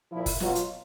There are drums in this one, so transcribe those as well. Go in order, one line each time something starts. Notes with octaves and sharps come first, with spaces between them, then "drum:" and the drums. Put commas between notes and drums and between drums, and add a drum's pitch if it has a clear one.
A#2 F3 E4
drum: kick F#1, open hi-hat
B2 F#3 F4, drum: snare
drum: hi-hat